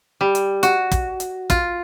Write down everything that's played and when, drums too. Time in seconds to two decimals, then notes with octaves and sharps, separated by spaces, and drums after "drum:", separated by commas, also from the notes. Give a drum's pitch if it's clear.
0.21 G3
0.35 drum: hi-hat
0.63 F#4, drum: hi-hat
0.92 drum: kick, hi-hat
1.20 drum: hi-hat
1.50 F4, drum: kick, hi-hat